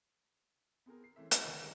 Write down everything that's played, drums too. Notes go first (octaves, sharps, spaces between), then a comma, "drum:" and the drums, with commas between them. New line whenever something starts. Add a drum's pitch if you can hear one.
B3 C4 G#4 A#4
C7
E3 A3 C4 C#4 E5
G#3 F#4, drum: hi-hat
F1 D2 D3 D#3 A#5 G6
G#1 G2 G3 G#3 D#5 D7